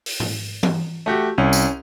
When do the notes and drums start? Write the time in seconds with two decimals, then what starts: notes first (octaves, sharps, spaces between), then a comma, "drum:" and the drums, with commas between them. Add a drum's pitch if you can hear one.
0.06 drum: open hi-hat
0.20 drum: tom G#2
0.63 drum: tom E3
1.06 A3 F#4 G4
1.38 C2 C#4
1.53 drum: tambourine